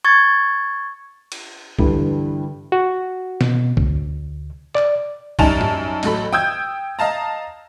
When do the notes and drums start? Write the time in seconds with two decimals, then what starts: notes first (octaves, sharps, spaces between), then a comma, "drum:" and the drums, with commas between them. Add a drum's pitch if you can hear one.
0.05 C#6 G#6 A6
1.32 drum: cymbal
1.79 G2 D3 E3 G3, drum: kick B1
2.72 F#4
3.41 B2, drum: snare
3.77 D2, drum: kick B1
4.75 D5, drum: clap
5.39 F#2 G3 D#4 G#5 A5 F7, drum: kick B1
5.61 drum: tom
6.03 A1 F#3 A4 B5, drum: hi-hat
6.33 G5 D#6 E6 G6 G#6
6.99 D#5 F5 A5 A#5